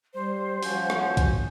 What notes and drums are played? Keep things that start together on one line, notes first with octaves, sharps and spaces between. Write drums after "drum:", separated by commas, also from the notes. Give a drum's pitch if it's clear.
G3 C5
F3 C#4 F#4 G#5 G6, drum: open hi-hat
drum: rim click
drum: kick, hi-hat